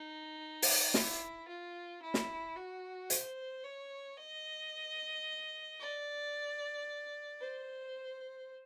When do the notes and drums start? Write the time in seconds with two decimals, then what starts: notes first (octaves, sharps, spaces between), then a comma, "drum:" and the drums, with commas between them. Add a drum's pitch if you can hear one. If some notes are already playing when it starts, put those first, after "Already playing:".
Already playing: D#4
0.62 drum: open hi-hat
0.94 E4, drum: snare
1.48 F4
2.02 E4
2.14 drum: snare
2.56 F#4
3.10 C5, drum: hi-hat
3.63 C#5
4.17 D#5
5.79 D5
7.40 C5